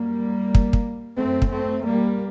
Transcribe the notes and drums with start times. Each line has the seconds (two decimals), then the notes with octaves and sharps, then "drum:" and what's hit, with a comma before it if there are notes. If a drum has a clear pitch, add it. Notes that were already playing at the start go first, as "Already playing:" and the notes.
Already playing: F#2 G3 A#3
0.55 drum: kick
0.73 drum: kick
1.16 F#2 A3 C4
1.42 drum: kick
1.51 A3 C4
1.85 G3 A#3